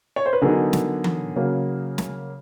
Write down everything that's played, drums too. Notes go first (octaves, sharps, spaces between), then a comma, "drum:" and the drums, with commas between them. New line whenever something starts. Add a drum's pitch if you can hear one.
C#5
C5
B4
D3 F#3 B3 D#4 G#4 A#4
drum: snare
drum: tom E3
C#3 F#3 A#3
drum: snare